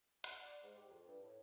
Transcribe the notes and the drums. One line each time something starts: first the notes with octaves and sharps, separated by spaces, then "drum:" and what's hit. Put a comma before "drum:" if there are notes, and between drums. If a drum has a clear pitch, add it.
F#5, drum: hi-hat
D5
G#2
G4
F2
G2
A2